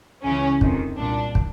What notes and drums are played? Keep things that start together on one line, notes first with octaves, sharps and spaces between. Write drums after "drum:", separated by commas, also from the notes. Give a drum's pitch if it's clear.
C#2 C#3 E3 C#4
F2 C3 D#3, drum: kick
C2 A#2 D4
drum: kick